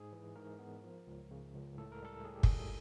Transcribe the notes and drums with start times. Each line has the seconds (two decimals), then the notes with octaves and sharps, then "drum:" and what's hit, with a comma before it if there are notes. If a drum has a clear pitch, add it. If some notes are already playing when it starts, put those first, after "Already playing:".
Already playing: G#2 G#4
0.13 E3
0.36 G#2 A#4
0.59 B3
0.83 F3
1.07 C#2
1.31 C#3
1.55 C#2
1.78 A2 A4
1.92 A#4
2.02 G3 A4
2.25 A2 G#4
2.35 G4
2.43 G#4, drum: kick
2.49 G3